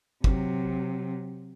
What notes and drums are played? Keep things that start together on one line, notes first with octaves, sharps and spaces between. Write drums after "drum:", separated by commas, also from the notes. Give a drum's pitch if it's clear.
C3 F#3, drum: kick